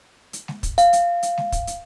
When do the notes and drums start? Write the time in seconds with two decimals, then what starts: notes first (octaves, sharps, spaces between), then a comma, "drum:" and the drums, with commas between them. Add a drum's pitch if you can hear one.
0.33 drum: hi-hat
0.48 drum: snare G#3
0.63 drum: kick, hi-hat
0.78 F5, drum: hi-hat
0.93 drum: hi-hat
1.23 drum: hi-hat
1.37 drum: snare G#3
1.52 drum: kick, hi-hat
1.67 drum: hi-hat